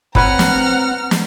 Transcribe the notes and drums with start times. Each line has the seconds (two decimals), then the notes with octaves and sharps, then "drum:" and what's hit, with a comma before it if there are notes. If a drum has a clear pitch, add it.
0.15 C4 B4 C#5 F#5 A#5 B5 F6, drum: kick
0.39 drum: snare
1.11 drum: snare